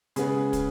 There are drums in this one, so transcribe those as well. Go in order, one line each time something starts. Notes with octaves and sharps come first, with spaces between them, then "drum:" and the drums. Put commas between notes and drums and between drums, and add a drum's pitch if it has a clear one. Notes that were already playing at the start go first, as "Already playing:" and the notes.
C#3 G#3 B3 G#4, drum: hi-hat
drum: kick, hi-hat